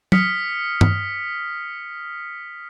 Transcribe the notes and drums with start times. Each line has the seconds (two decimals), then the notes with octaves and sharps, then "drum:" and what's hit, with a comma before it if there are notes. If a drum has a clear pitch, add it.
0.12 D#6 F6 B6 C#7, drum: tom
0.81 drum: tom G2